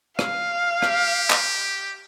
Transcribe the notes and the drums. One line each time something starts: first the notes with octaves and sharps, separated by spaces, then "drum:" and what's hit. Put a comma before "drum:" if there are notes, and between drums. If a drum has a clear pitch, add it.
F5, drum: rim click
G4, drum: rim click
drum: clap